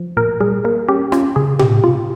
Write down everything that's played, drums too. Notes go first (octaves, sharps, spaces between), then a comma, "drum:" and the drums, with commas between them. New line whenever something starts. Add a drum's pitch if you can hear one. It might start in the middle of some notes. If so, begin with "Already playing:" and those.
Already playing: F3
A#2 A#4
G3 G#4
A#3 A#4
C#4 G4
C#4 F4, drum: rim click
C#3 G#4
C3 G4, drum: tom A2
C3 F4